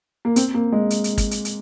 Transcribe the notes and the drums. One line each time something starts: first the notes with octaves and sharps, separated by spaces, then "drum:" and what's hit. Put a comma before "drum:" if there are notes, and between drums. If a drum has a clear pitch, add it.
A#3
C4, drum: hi-hat
A#3
G#3
drum: hi-hat
drum: hi-hat
drum: kick, hi-hat
drum: hi-hat
drum: hi-hat